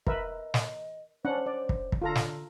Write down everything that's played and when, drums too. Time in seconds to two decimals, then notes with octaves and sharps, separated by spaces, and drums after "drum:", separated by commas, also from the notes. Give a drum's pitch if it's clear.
0.07 A#4 B4 D#5 E5, drum: kick
0.54 drum: snare
1.25 C#4 D4 C5 F#5
1.46 D5
1.69 drum: kick
1.92 drum: kick
2.02 D3 F4 A4 A#5
2.15 drum: snare